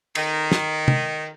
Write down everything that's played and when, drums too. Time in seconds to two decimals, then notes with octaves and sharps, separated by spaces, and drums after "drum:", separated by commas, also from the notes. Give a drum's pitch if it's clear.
0.15 D#3, drum: cymbal
0.52 drum: snare
0.88 drum: tom